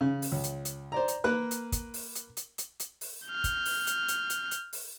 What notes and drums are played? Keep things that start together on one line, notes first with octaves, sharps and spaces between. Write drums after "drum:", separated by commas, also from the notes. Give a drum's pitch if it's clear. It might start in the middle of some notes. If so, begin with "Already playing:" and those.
C#3
drum: open hi-hat
C#2
drum: hi-hat
drum: hi-hat
C5 D5 A#5
drum: hi-hat
A#3 A#4 B4 F#6
drum: hi-hat
drum: kick, hi-hat
drum: open hi-hat
drum: hi-hat
drum: hi-hat
drum: hi-hat
drum: hi-hat
drum: open hi-hat
F6 G6
drum: kick, hi-hat
drum: open hi-hat
drum: hi-hat
drum: hi-hat
drum: hi-hat
drum: hi-hat
drum: open hi-hat